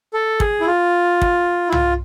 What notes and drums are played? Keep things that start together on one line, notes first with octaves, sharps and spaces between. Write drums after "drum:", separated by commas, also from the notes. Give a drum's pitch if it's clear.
A4
G#4, drum: kick
E4
F4
drum: kick
E4
F4, drum: tom C2